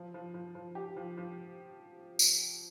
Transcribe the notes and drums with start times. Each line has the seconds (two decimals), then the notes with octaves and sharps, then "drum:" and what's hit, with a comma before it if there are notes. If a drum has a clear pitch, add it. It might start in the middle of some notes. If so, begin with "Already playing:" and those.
Already playing: F3
0.14 F3
0.34 F3
0.55 F3
0.75 G4
0.97 F3
1.18 F3
2.19 drum: tambourine